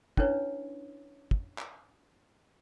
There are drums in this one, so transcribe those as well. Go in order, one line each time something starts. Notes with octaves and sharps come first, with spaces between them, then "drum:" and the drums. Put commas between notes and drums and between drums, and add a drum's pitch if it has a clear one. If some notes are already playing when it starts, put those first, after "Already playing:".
C#4 D4 E4 B4 C#5, drum: kick
drum: kick
drum: clap